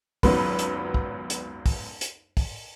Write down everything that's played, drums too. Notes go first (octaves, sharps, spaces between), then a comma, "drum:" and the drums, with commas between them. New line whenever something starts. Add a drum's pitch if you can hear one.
G#1 C#2 F#2 F#3 B3 B4, drum: kick, open hi-hat
drum: hi-hat
drum: kick
drum: hi-hat
drum: kick, open hi-hat
drum: hi-hat
drum: kick, open hi-hat